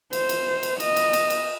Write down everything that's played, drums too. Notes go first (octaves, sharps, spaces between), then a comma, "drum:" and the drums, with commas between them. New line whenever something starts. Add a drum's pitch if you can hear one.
C5, drum: cymbal
drum: cymbal
drum: cymbal
D#5, drum: cymbal
drum: cymbal
drum: cymbal
drum: cymbal